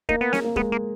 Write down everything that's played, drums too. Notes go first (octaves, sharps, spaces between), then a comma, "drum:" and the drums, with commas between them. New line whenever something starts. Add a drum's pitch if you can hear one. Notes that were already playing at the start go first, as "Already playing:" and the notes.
A#3 D#4, drum: kick
B3
C#4, drum: snare
A#3
G#3 B3, drum: kick
A#3